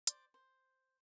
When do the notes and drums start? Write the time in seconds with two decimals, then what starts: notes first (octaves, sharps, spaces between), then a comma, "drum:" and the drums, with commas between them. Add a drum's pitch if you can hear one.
0.07 C5 D5, drum: hi-hat
0.34 C5